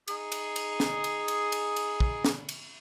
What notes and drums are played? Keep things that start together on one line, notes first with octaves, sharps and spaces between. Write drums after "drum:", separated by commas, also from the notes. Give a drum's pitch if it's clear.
D#4 G#4, drum: cymbal
drum: cymbal
drum: cymbal
drum: snare
drum: cymbal
drum: cymbal
drum: cymbal
drum: cymbal
drum: kick
drum: snare
drum: cymbal